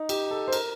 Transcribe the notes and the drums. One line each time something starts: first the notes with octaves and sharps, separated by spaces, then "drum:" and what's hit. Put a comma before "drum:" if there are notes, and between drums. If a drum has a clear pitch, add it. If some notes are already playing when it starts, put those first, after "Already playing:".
Already playing: D#4
G4, drum: cymbal
A4
C5
A#4, drum: cymbal